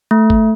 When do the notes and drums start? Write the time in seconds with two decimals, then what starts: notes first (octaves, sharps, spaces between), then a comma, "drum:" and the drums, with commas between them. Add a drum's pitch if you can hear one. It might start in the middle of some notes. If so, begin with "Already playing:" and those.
0.11 A3
0.30 drum: kick G1